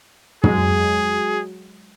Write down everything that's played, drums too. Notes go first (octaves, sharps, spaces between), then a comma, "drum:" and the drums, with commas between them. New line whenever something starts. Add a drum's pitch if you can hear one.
F#3 G#3 G#4, drum: tom